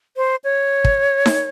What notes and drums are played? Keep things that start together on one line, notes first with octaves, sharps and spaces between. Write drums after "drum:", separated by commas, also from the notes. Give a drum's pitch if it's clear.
C5
C#5
drum: kick
drum: snare D#4